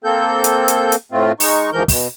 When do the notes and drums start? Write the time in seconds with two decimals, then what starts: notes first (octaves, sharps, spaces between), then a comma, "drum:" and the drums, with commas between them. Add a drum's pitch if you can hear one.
0.04 A#3 C4 A4 G6
0.44 drum: hi-hat
0.68 drum: hi-hat
0.92 drum: hi-hat
1.12 A2 A3 C4 F4
1.40 G#3 D#4 C#6, drum: open hi-hat
1.72 D2 G#2 E3 F3 A#4 G6
1.88 B2, drum: kick, open hi-hat